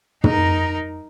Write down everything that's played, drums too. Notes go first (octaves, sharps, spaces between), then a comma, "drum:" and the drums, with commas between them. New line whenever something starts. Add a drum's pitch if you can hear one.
D#4 A#4, drum: tom